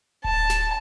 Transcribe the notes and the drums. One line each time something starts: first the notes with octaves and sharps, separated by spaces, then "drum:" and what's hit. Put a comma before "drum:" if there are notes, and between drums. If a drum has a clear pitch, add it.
A5, drum: kick D1
drum: snare